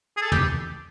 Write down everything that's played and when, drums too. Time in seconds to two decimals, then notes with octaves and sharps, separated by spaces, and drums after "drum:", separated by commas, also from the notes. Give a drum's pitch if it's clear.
0.17 G#4
0.22 A4
0.32 G4, drum: tom